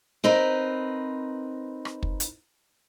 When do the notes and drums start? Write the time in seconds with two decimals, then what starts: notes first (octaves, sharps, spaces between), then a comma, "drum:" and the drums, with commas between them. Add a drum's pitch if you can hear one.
0.24 C4 D#4 A#4 B4
1.85 drum: rim click
2.03 drum: kick
2.20 drum: hi-hat